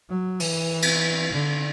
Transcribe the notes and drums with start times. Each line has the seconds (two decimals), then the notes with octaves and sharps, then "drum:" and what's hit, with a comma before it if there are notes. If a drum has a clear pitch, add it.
0.09 F#3
0.40 E3, drum: open hi-hat
0.82 drum: cymbal
1.32 D3